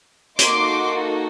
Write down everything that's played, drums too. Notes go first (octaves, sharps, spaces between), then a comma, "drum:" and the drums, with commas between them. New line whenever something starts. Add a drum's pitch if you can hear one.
A#3 D#4 F#4 A4 C6 D6, drum: hi-hat